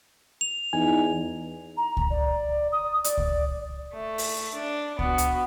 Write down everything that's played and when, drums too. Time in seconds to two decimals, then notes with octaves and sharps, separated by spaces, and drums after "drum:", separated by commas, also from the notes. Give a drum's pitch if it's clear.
0.41 F7
0.73 E2 D#4 G#5
1.77 A#5
1.97 drum: kick C#2
2.11 D5
2.72 D#6
3.04 D5, drum: hi-hat
3.18 drum: kick C#2
3.93 A3
4.18 drum: open hi-hat
4.54 D4
4.99 B3 F#4, drum: kick C#2
5.18 drum: hi-hat